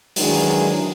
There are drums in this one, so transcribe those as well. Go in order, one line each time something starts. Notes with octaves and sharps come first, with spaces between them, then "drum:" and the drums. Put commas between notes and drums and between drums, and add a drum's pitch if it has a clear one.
D#3 E3 F#3 G#3 D4, drum: open hi-hat